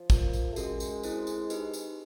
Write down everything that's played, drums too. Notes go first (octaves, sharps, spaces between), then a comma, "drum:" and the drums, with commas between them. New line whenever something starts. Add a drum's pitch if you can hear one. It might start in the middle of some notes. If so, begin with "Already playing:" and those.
Already playing: F3
F4 A#4 D5, drum: kick, tambourine
drum: tambourine
A3
G#3 C#4 F#4 A#4, drum: tambourine
drum: tambourine
C4 E4 A4 C5, drum: tambourine
drum: tambourine
D#4 G4 B4, drum: tambourine
drum: tambourine